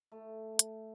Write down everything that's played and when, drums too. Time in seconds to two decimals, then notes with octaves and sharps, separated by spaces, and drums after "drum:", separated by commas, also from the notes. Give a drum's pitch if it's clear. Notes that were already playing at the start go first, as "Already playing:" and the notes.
0.12 A3
0.59 drum: hi-hat